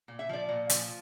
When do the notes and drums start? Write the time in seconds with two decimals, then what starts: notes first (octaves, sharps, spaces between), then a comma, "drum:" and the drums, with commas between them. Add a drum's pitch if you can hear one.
0.08 A#2
0.19 E5
0.29 F3 D5
0.49 A#2
0.70 F3, drum: hi-hat